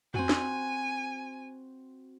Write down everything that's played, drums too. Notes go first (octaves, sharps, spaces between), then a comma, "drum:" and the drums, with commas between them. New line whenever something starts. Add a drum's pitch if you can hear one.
C4 F#4 G#5, drum: tom F2
drum: snare